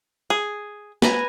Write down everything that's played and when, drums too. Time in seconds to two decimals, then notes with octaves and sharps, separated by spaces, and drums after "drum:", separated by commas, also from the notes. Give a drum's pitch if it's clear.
0.30 G#4
1.02 B4 G#5 A#5, drum: snare